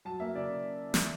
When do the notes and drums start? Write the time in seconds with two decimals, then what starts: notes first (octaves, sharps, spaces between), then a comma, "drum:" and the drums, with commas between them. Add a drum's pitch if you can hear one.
0.05 F#3 A5
0.20 A#3 E5
0.35 C#3 D5
0.50 C#3
0.94 drum: snare